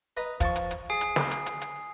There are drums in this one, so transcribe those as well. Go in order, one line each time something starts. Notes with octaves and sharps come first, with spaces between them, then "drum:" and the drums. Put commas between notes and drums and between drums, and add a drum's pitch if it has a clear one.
B4 D#5 A#5
F3 A5 C#6, drum: kick, hi-hat
drum: hi-hat
drum: hi-hat
G#4 G#5 D#6 C7
drum: hi-hat
drum: snare
drum: hi-hat
drum: hi-hat
drum: hi-hat